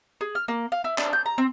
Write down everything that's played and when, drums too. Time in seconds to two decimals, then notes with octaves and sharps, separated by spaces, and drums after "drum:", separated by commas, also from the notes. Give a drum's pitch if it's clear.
0.21 G#4
0.35 F6
0.48 A#3
0.72 F5
0.84 E4
0.98 D4, drum: clap
1.13 G6
1.26 A#5
1.38 C4